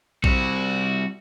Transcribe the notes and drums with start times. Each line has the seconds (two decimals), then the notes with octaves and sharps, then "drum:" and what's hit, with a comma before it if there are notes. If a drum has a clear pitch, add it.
0.24 G3 C4 F#4, drum: kick A#1